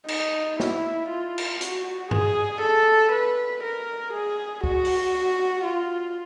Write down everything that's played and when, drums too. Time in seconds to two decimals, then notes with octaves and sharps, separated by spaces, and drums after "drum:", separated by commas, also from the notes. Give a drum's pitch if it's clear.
0.08 D#4, drum: cymbal
0.60 E4, drum: snare
1.09 F4
1.38 drum: cymbal
1.61 F#4, drum: hi-hat
2.11 G#4, drum: tom G2
2.61 A4
3.12 B4
3.63 A#4
4.13 G#4
4.64 F#4, drum: kick
4.85 drum: open hi-hat
5.64 F4